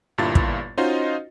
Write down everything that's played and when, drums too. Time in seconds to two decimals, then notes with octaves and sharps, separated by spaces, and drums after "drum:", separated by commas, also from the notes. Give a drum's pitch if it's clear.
0.18 G1 G2 A#2 E4 F4 A6
0.35 drum: kick
0.78 C#4 D#4 F4 F#4 C5 D#5